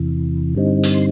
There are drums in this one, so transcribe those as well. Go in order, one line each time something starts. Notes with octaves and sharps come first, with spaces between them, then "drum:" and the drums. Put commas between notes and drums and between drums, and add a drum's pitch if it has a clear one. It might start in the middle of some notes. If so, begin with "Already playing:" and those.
Already playing: E2 C3 E3
G2 D3 G3 C4 D#4
drum: hi-hat
C6